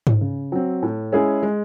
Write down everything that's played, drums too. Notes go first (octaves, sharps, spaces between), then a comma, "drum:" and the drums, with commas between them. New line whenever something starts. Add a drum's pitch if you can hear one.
drum: tom G#2
C#3
F#3 C4
A2
G#3 C#4 E4 G#4
G#3